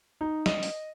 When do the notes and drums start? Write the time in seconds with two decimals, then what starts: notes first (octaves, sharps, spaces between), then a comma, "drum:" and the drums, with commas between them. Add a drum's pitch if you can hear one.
0.21 D#4
0.46 D#5, drum: snare
0.63 drum: open hi-hat